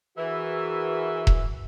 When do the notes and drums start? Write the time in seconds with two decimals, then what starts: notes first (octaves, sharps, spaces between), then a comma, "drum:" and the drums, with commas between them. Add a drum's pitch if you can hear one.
0.18 E3 F#4 G#4 A#4 E5
1.27 drum: kick E1